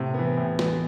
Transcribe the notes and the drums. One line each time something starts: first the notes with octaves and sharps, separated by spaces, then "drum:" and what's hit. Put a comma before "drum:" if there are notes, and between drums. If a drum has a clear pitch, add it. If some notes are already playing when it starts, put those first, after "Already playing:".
Already playing: A2 C3
E3 B3
A2
E3 B3, drum: snare